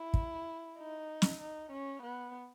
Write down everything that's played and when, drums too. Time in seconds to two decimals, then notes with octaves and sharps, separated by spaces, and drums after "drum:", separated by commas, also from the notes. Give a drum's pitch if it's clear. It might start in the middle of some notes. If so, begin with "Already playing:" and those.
Already playing: E4
0.14 drum: kick
0.79 D#4
1.22 drum: snare
1.41 D#4
1.71 C#4
2.02 B3